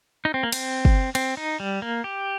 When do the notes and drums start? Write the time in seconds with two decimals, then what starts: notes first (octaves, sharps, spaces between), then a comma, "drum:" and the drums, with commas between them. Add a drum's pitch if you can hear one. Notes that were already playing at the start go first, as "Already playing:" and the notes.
0.25 D#4
0.34 C4
0.43 A#3
0.52 C4, drum: cymbal
0.85 drum: kick
1.15 C4, drum: cymbal
1.37 D#4
1.60 G3
1.82 A#3
2.04 G4